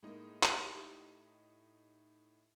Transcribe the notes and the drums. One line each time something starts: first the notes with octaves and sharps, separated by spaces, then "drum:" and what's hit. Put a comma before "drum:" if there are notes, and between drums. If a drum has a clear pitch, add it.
A2 G#3 A#3 D#4
drum: clap
G4